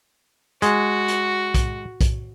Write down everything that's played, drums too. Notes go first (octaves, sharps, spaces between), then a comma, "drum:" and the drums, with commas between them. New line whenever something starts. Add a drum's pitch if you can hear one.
G#3 F#4, drum: hi-hat
drum: hi-hat
drum: kick B1, hi-hat
drum: kick B1, hi-hat